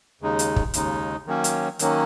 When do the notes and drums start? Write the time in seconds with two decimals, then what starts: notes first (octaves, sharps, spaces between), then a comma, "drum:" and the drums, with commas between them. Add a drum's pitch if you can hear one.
0.21 D#2 C#3 G#3 D#4
0.39 drum: hi-hat
0.56 drum: kick
0.74 D#2 C#3 G#3 D#4, drum: hi-hat
1.27 D#3 F#3 A#3 C#4
1.44 drum: hi-hat
1.79 D#3 F#3 A#3 C#4, drum: hi-hat